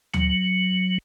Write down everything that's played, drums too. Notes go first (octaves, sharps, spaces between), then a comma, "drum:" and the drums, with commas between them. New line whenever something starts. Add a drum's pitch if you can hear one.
F#3, drum: tom D2